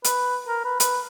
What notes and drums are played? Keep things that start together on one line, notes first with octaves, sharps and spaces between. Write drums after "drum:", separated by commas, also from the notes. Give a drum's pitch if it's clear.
B4, drum: hi-hat
A#4
B4
B4, drum: hi-hat